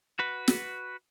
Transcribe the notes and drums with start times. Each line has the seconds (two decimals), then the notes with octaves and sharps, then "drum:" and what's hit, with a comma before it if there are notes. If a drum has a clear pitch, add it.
0.19 F#4 B4
0.48 drum: snare